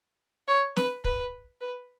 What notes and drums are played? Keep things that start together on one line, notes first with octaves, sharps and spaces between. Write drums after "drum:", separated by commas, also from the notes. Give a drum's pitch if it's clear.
C#5
B4, drum: snare
B4, drum: kick
B4